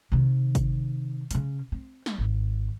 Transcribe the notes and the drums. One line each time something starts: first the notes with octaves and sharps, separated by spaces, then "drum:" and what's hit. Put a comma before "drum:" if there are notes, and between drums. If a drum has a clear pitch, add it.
C3 D#3
drum: kick G1, hi-hat
C#3 C#4, drum: hi-hat
C4
drum: snare
G#1